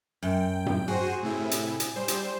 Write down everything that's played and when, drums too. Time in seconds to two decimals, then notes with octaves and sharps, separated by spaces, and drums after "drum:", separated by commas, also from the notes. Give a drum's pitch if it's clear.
0.23 F#2 G5
0.66 drum: tom G2
0.88 F#4 G#4 C5
1.23 A2 C3 E4
1.51 drum: hi-hat
1.80 drum: hi-hat
1.96 G3 C5
2.08 drum: hi-hat